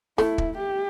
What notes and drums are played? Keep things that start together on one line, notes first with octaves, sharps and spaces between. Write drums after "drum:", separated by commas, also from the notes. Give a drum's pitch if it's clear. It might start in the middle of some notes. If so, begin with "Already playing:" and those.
A3 E4, drum: snare
drum: kick
G4